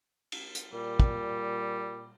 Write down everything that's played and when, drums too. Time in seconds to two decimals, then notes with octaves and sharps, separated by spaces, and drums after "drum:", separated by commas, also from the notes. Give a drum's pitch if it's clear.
0.32 drum: cymbal
0.55 drum: hi-hat
0.74 A#2 G3
1.00 drum: kick